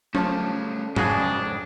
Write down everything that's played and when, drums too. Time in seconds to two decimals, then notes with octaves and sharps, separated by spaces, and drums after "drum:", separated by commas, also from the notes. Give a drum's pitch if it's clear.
0.15 F3 G3 A3 C#4 C#5 A5, drum: tom F#3
0.96 F2 G#2 C#3 D4 F#4 G#4, drum: tom G#2